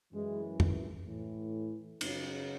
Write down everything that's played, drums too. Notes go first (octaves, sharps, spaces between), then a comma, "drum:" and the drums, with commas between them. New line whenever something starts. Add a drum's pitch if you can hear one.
F#2 E3 G#3
drum: tom F2
A2 E3
F#2 C#3 F#3, drum: cymbal